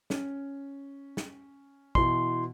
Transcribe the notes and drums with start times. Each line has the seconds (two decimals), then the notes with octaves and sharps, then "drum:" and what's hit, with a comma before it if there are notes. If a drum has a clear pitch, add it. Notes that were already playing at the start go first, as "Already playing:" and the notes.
0.10 C#4, drum: snare
1.17 drum: snare
1.95 B2 E3 C6, drum: kick